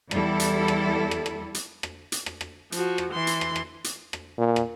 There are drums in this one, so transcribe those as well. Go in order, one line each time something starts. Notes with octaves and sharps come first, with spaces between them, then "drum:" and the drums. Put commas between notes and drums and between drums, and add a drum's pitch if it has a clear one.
E2 G3 E4 A4, drum: rim click
drum: hi-hat
drum: rim click
drum: rim click
drum: rim click
drum: hi-hat
drum: rim click
drum: hi-hat
drum: rim click
drum: rim click
F3 F#4, drum: hi-hat
drum: rim click
E3 C6
drum: hi-hat
drum: rim click
drum: rim click
drum: hi-hat
drum: rim click
A#2
drum: rim click